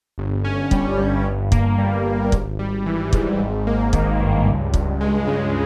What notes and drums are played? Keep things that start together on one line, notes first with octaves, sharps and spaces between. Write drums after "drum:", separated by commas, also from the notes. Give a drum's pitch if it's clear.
G1
C#4
G3, drum: kick
G2
G1
A#3, drum: kick
G3
G2
G#1, drum: kick
G3
E3
G#2, drum: kick
G#1
A#3
D#3, drum: kick
G2
C#2
C#2, drum: kick
G#3
C#3